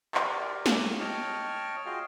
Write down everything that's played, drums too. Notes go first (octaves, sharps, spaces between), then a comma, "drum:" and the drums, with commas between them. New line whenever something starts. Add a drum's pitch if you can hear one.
G4 A#4 D5, drum: clap
drum: snare
C#5 D#5 G5 A5 C#6 F6
F4 F#4 G#4 D#5 F5 G5